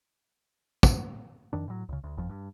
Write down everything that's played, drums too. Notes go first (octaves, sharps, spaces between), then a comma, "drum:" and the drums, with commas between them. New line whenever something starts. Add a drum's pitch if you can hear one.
drum: kick, tambourine
F2 D#3 D4
A2 F#3
C#2 C#3
D2
G1 F2 F3
G2